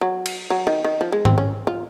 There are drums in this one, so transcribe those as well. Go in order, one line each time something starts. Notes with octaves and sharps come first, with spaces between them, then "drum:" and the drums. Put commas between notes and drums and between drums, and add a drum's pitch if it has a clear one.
F#3
drum: cymbal
F#3
D#3
D#3
F3
G#3
C4, drum: tom G#2
C#4
F4